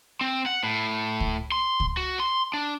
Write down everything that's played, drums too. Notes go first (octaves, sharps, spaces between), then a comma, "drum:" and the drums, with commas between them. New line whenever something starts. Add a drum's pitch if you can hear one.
C4
F#5
A2
drum: kick C#2
C6
drum: kick C#2
F#4
C6
D4